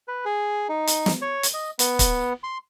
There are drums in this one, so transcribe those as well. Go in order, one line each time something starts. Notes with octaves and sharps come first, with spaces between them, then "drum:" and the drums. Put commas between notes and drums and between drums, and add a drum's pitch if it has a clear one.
B4
G#4
D#4
drum: hi-hat
drum: snare
C#5
drum: hi-hat
D#5
B3, drum: hi-hat
drum: kick, hi-hat
C6